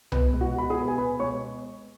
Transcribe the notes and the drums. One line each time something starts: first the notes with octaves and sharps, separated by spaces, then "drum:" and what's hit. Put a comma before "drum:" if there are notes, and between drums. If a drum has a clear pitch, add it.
B2 B4, drum: tom C2
G#3
F#4 F#5
B2 B5
G#4 G#5
B3
G#5
B2 B4 B5
G#3 C#5 C#6